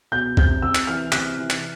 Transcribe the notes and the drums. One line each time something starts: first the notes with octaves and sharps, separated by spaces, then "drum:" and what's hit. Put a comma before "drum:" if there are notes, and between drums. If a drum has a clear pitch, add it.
B2 G6
C3 G6, drum: kick
C3 E6
drum: clap
E3 F6
C3 F#6, drum: clap
E3
drum: clap